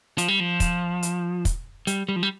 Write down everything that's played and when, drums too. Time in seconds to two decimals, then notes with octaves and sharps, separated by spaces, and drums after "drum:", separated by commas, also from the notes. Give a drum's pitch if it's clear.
0.18 F3, drum: hi-hat
0.28 G3
0.40 F3
0.60 drum: kick, hi-hat
1.03 drum: hi-hat
1.45 drum: kick, hi-hat
1.87 G3, drum: hi-hat
2.09 G3
2.16 F3
2.23 G3